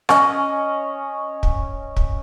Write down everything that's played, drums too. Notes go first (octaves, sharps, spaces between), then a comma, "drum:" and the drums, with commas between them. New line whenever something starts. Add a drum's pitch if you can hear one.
C#4 D#5, drum: rim click
drum: kick
drum: kick